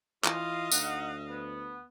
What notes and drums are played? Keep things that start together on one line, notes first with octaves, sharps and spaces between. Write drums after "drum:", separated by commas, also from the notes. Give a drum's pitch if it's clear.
E3 F4 D#5 F5, drum: clap
D2 D#4 F#5, drum: tambourine
B3